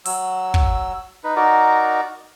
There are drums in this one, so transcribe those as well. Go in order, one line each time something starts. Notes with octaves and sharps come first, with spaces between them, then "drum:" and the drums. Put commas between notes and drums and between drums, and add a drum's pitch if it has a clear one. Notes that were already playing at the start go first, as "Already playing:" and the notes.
F#3 E6, drum: open hi-hat
drum: kick
D#4 B4
D#4 F#4 A#4 D5